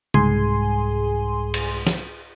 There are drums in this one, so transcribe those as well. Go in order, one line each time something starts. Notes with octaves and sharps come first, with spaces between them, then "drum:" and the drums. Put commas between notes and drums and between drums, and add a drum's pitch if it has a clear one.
C2 G#2 G#4 G#5 C6, drum: tom C#3
drum: cymbal
drum: snare